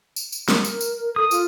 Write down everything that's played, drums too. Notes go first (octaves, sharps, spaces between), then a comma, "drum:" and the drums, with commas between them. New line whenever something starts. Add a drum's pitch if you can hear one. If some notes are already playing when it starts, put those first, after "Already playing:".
drum: tambourine
drum: tambourine
A#4, drum: snare
drum: tambourine
drum: tambourine
A4 D#6
F4, drum: tambourine